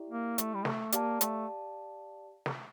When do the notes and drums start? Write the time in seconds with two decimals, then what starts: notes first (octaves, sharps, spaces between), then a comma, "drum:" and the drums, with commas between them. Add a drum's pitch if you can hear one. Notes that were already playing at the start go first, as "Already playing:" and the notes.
Already playing: E4 G4 D5
0.10 A#3
0.38 A3, drum: hi-hat
0.54 G3
0.65 A3, drum: snare
0.92 A#3 G4 D5 F5 A5, drum: hi-hat
1.21 A3, drum: hi-hat
2.46 drum: snare